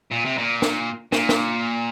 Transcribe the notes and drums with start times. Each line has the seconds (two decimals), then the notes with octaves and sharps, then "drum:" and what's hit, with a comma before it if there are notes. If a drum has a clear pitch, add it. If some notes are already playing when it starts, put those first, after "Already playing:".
0.11 A#2
0.26 C3
0.39 A#2
0.62 drum: snare
1.12 A#2, drum: snare
1.29 drum: snare